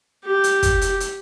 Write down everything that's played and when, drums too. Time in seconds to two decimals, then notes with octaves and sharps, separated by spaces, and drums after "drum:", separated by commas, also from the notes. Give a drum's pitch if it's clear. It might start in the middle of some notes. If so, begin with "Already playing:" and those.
0.25 G4
0.44 drum: hi-hat
0.63 drum: kick, hi-hat
0.81 drum: hi-hat
1.00 drum: hi-hat